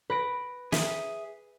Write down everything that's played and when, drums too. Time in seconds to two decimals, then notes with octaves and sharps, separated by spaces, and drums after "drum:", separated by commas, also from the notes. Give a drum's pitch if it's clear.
0.10 B4 A#6 D7
0.72 G#4 E5, drum: snare